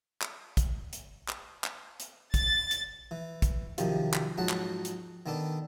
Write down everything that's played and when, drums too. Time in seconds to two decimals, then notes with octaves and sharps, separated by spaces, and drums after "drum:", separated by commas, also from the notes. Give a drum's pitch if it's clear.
0.21 drum: clap
0.57 drum: kick, hi-hat
0.93 drum: hi-hat
1.28 drum: clap
1.64 drum: clap
2.00 drum: hi-hat
2.34 A6, drum: kick, hi-hat
2.71 drum: hi-hat
3.11 E3
3.42 drum: kick, hi-hat
3.78 F#2 C3 D#3 F3, drum: hi-hat
4.14 drum: clap
4.38 F2 G#2 F#3 F#5 A5
4.49 drum: clap
4.85 drum: hi-hat
5.26 D#3 B3 D4 A4